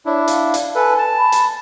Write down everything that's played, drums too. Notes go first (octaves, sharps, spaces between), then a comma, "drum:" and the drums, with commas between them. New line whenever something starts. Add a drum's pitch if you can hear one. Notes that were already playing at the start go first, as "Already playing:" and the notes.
D4 E4 C#5
F5, drum: hi-hat
drum: hi-hat
A4 B4 G#5
A5
B5
drum: hi-hat